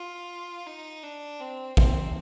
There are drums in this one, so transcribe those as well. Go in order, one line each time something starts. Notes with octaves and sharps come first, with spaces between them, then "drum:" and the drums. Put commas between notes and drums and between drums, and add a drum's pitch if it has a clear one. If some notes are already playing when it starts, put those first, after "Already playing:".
Already playing: F4
D#4
D4
C4
C4, drum: kick